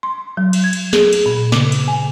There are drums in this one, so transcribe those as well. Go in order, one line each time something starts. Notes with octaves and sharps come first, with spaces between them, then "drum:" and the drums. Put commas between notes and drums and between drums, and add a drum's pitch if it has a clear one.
C6
F#3
drum: cymbal
G#6
drum: cymbal
G#4, drum: snare
drum: cymbal
A#2
C#3, drum: snare
drum: cymbal
G#5